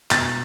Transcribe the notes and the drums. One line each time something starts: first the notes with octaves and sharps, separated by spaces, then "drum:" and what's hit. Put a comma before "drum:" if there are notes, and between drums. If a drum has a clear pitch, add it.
B2 A6, drum: clap